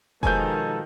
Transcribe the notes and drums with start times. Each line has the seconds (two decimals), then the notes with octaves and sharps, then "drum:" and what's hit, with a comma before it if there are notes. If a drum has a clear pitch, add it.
0.23 B2 D#3 F3 G#3 A4 G#5 G6, drum: kick F1